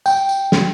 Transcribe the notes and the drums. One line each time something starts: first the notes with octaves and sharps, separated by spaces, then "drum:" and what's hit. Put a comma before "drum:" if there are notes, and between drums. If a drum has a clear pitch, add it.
G5, drum: tambourine
drum: tambourine
drum: snare